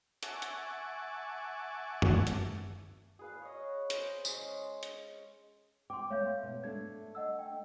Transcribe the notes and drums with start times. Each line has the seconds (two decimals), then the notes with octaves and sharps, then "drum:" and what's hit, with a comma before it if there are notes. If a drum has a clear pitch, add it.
0.23 E5 F#5 G#5 A5 C#6 D6, drum: hi-hat
0.42 drum: hi-hat
2.02 drum: tom F#2
2.27 drum: hi-hat
3.19 G#4 B4 F5
3.42 C#5 D#5
3.90 C5 D#5, drum: hi-hat
4.25 G#3 C#4 C6, drum: tambourine
4.83 drum: hi-hat
5.90 G5 C6 D6
6.10 A3 C#5 F5 G6
6.43 B2
6.64 A3 D4 G#6
7.15 D#5 F#5 E6
7.39 G5